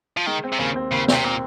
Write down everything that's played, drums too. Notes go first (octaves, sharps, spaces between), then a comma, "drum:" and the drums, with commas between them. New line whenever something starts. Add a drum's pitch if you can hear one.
F3
D#3 G#3
C4
C3
D#2 C#3
C4
D#2 C#3
C3 C4, drum: snare
A#2 C4